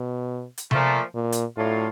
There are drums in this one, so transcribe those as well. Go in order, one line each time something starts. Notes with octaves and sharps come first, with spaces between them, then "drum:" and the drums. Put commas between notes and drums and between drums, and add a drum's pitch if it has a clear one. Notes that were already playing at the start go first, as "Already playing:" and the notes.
Already playing: B2
drum: hi-hat
A#2 F3 A3, drum: tom C3
A#2
drum: hi-hat
A2 F#3 A3 D4 F4